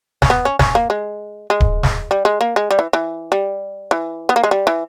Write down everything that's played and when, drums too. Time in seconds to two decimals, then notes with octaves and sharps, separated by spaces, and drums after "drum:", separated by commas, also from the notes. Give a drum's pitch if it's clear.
0.22 C#4, drum: snare
0.30 B3
0.45 C#4
0.59 C#4, drum: snare
0.75 A#3
0.90 G#3
1.50 G#3
1.60 drum: kick D1
1.83 drum: snare
2.11 G3
2.25 G#3
2.41 A#3
2.56 G#3
2.71 G3
2.79 E3
2.93 E3
3.32 G3
3.91 E3
4.29 B3
4.36 A#3
4.43 G#3
4.51 G3
4.67 E3